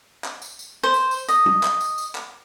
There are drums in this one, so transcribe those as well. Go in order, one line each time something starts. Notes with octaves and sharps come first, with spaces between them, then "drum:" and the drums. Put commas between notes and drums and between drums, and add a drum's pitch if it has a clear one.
drum: clap
drum: tambourine
drum: tambourine
C5
drum: tambourine
drum: tambourine
D#5, drum: tambourine
drum: tom
drum: clap
drum: tambourine
drum: tambourine
drum: clap